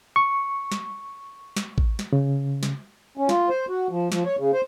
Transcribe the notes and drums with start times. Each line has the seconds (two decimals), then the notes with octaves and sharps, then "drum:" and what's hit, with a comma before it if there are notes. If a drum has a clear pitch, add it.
0.16 C#6
0.72 drum: snare
1.56 drum: snare
1.78 drum: kick A1
1.99 drum: snare
2.13 C#3
2.63 drum: snare
3.18 C#4
3.29 F4, drum: snare
3.49 C5
3.69 F#4
3.90 F3
4.12 F3, drum: snare
4.25 C#5
4.39 C#3
4.54 C5